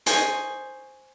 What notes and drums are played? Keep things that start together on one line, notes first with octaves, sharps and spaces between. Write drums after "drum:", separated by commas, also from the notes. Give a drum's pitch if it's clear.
C5 G#5 C#6 D#6, drum: hi-hat